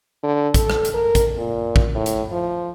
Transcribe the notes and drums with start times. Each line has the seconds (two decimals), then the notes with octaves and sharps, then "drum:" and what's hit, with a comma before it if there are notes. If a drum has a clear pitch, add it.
0.23 D3
0.54 A4, drum: kick, hi-hat
0.70 drum: rim click
0.85 drum: hi-hat
0.94 A#4
1.15 drum: kick, hi-hat
1.38 A#2
1.76 drum: kick
1.95 A2
2.06 drum: hi-hat
2.31 F3